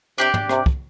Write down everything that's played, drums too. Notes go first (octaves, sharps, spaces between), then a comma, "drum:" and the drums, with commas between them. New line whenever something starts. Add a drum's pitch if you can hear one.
C3 D4 G4 D5
drum: tom
C3, drum: rim click
drum: kick